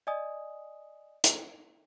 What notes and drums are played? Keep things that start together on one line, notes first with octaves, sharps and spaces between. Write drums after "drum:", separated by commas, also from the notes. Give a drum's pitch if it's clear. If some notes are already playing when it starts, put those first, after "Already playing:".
D5 D#5 G#5 D#6
drum: hi-hat